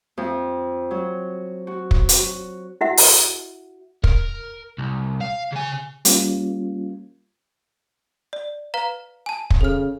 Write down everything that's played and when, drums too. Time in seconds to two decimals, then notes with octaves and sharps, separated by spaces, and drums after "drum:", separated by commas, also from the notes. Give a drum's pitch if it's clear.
0.18 F2
0.91 F#3
1.67 F#4
1.91 drum: kick
2.09 drum: hi-hat
2.19 F#4
2.81 E4 F#4 E5 F#5
2.97 drum: open hi-hat
4.04 A#4, drum: kick
4.78 C2
5.21 F5
5.53 C#3 G#5
6.05 G3 A#3 C#4 F4, drum: hi-hat
8.33 D5
8.74 B4 F5 A#5
9.26 G#5 A5
9.50 drum: kick
9.61 C#3 A4 F6